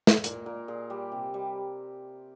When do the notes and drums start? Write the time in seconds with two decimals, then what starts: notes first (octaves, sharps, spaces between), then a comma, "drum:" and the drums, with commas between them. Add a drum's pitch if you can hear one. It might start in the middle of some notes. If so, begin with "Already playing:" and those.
0.07 drum: snare
0.24 A#2 A#4, drum: hi-hat
0.46 A#2 A#4
0.68 A#2 G#4
0.90 G3 G4
1.12 C3
1.34 G3